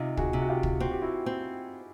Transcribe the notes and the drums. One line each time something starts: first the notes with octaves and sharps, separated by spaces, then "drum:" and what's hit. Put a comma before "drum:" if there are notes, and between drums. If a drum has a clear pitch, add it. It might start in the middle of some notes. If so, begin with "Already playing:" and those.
Already playing: C3 D#4 F4
F#4 G#4, drum: kick
C3
F#4
F4 G4
drum: kick
C4 F#4
G4
E4 F#4
C4